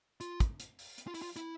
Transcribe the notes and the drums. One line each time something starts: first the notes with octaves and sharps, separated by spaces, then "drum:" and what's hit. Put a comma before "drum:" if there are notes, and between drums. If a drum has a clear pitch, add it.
F4, drum: hi-hat
drum: kick, hi-hat
drum: hi-hat
drum: open hi-hat
drum: hi-hat
F4
E4, drum: open hi-hat
F4
E4, drum: hi-hat